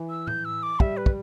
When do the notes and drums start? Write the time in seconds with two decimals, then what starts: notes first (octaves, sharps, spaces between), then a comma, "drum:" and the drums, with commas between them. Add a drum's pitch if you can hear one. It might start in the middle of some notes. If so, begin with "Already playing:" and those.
Already playing: E3
0.10 E6
0.27 G6, drum: tom A2
0.45 E6
0.63 D6
0.80 G3 E5, drum: kick
0.97 B4
1.06 drum: kick